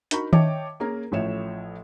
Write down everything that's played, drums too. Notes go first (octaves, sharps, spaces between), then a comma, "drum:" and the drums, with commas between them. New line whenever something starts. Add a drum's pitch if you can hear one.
D#4 F#4 A#4 A#5 B5 C#6, drum: hi-hat
C#5 D#5 E5 G5 A5 D6, drum: tom D#3
A#3 C#4 G#4 A#4
A1 A2 F3 C#5 E5 E7